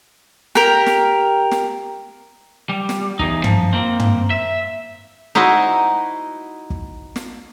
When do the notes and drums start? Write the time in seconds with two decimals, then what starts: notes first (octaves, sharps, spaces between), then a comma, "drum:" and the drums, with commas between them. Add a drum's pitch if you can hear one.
0.55 G4 A#4, drum: snare
0.86 drum: snare
1.51 drum: snare
2.69 G3
2.89 drum: snare
3.19 E2 D#4, drum: kick
3.44 F3, drum: tom
3.73 A#3 C4
4.00 drum: tom
4.30 E5
5.35 D#4 E4 F#4 C5 D#5
6.70 drum: kick
7.16 drum: snare